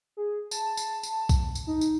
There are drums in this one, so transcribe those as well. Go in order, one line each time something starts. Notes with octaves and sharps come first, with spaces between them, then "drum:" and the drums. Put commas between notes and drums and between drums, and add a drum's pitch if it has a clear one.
G#4
A5, drum: tambourine
drum: tambourine
drum: tambourine
drum: kick B1, tambourine
drum: tambourine
D#4
drum: tambourine